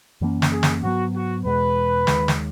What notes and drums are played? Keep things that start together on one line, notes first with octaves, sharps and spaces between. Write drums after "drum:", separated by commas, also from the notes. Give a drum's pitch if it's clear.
F#2 E3 A#3 C#4
drum: snare
G#4
drum: snare
G#2 F#3 B3 F#4
F#4
E2 B2 G#3 B4
D#2 D#3 G#3, drum: snare
drum: snare